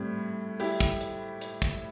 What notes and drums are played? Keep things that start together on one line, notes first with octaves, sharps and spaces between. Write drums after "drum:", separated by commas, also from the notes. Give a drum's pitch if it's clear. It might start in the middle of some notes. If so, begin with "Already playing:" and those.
Already playing: A2 G3 C4 E4
E4 G4, drum: open hi-hat
drum: kick, hi-hat
drum: hi-hat
drum: hi-hat
drum: kick, hi-hat